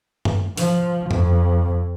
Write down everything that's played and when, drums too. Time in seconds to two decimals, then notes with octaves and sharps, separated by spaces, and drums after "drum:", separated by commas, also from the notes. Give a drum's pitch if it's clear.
0.25 drum: tom F#2
0.57 F3, drum: open hi-hat
1.11 F2, drum: tom F#2